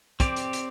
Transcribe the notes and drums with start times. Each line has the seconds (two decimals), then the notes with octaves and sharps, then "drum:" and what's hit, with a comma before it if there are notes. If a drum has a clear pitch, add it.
0.20 C4 G4 D5, drum: kick, hi-hat
0.36 drum: hi-hat
0.53 drum: hi-hat